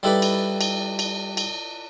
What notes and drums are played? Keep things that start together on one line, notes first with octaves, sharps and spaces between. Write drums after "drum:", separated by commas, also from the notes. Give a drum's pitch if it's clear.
G3 D#4 E4 A4 B4 D5
drum: cymbal
drum: cymbal
drum: cymbal
drum: cymbal